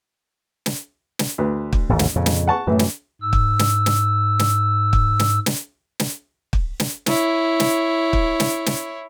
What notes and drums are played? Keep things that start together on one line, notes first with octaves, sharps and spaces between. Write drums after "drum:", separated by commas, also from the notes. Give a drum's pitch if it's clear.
drum: snare
drum: snare
D2 B4
drum: kick
A1 D#2 G#2
drum: snare
F2 A#2 C#3
drum: snare
F#5 A5 C#6
F#2 A2 E3
drum: snare
G#2 E6
drum: kick
drum: snare
drum: snare
drum: snare
drum: kick
drum: snare
drum: snare
drum: snare
drum: kick
drum: snare
E4 C#5, drum: snare
drum: snare
drum: kick
drum: snare
drum: snare